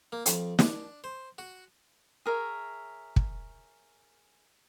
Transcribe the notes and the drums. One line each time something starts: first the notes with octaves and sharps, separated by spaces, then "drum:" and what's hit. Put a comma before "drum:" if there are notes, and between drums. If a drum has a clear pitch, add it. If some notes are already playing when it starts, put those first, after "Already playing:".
A#3
F2, drum: hi-hat
D4, drum: snare
C5
F#4
G#4 A#4 C#5 E5
drum: kick